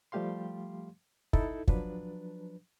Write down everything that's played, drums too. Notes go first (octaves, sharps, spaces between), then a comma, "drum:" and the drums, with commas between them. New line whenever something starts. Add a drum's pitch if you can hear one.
F3 G3 A3 G4 F5 C6
D#4 E4 A4, drum: kick
F3 F#3 D4 B4, drum: kick